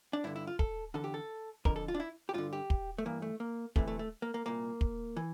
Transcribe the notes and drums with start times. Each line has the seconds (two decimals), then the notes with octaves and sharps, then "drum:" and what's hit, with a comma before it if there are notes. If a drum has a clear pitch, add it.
0.13 D4
0.24 G2 D3 E4
0.36 E4
0.47 F4
0.59 A4, drum: kick
0.94 E2 D3 A4
1.04 G4
1.14 A4
1.65 F2 D3 A#4, drum: kick
1.76 A4
1.88 F4
1.95 D4
2.00 E4
2.29 G4
2.34 G2 D3 F4
2.53 G4
2.70 drum: kick
2.98 A3
3.06 G2 E3 A#3
3.22 A3
3.40 A#3
3.76 D2 C3 E3 A3, drum: kick
3.88 A3
3.99 A3
4.22 A#3
4.34 A#3
4.46 C2 A#2 A#3
4.81 drum: kick
5.17 E3